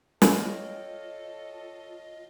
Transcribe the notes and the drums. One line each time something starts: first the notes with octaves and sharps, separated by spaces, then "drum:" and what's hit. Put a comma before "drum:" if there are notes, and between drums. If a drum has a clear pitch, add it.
F4 A4 C#5 D#5 F5 G5, drum: snare